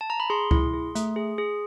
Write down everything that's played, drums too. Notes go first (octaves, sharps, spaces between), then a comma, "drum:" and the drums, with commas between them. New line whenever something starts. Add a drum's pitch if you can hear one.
A5
A#5
B5
G#4 C6
E4, drum: kick C#2
G#4
A3, drum: hi-hat
G#4
G#4